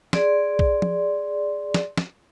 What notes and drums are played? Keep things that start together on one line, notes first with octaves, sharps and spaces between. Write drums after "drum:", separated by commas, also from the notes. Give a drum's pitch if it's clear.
G#4 D5 C6, drum: snare
drum: kick
drum: tom F3
drum: snare
drum: snare